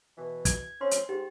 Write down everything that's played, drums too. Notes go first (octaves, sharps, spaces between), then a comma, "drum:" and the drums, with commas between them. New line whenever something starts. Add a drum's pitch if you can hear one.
B2 E3
G#6, drum: kick, hi-hat
C4 C#4 C6
drum: hi-hat
G#2 G4